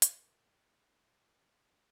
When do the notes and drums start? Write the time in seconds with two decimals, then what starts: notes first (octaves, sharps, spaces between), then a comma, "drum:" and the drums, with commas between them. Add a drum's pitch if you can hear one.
0.02 A#1 A#2 G#3 D#4 G#4 A#4, drum: hi-hat